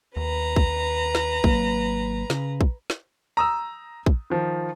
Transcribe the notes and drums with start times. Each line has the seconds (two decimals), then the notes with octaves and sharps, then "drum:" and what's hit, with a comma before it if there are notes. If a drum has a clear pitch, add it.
0.17 D#2 B4 A#5
0.56 drum: kick
1.15 drum: snare
1.44 G#1 F#3 A#3, drum: kick
2.30 C#3, drum: snare
2.61 drum: kick
2.90 drum: snare
3.37 A#5 D#6 E6
4.06 drum: kick
4.30 D#3 F3